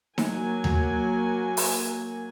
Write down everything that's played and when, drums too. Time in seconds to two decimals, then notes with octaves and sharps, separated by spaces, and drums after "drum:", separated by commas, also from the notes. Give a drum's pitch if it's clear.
0.18 F#3 A#3 G#5, drum: snare D#4
0.64 drum: tom D#2
1.57 drum: open hi-hat